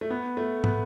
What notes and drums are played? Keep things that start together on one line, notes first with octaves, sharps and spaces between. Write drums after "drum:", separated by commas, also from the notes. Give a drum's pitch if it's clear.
A3
B3
A3
B3, drum: tom